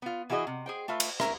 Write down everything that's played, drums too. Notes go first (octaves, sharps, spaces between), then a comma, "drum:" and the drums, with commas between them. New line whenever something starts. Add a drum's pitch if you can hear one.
B3 F4
E3 E4 F#4 G#4 D#5
C3
G#4 C5 G5
A3 F4 B4 E5
drum: cymbal
C#4 A#4 E5, drum: rim click